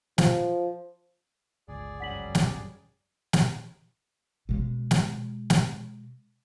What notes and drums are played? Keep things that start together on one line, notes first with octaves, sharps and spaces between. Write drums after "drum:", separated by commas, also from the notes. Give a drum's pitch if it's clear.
F3, drum: snare
G1 C#2 G#4 D5
F#2 F#3 G3 F#5 B6 F#7
drum: snare
drum: snare
B2 G#3
drum: snare
drum: snare